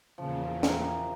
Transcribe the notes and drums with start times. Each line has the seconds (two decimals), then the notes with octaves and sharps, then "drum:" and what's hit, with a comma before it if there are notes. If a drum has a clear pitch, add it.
0.18 E2 A#2 C#3 F3
0.63 C3 A#4, drum: snare